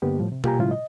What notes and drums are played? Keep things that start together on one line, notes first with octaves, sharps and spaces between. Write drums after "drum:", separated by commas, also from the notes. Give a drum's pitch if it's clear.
G2 D3 A#3 B3 G4
A2 F3 G3
C3
A#3 F4 G4 G5 G#5 A#5, drum: tom B2
A2 C#3 F#3 G#3 E4 F4
D#5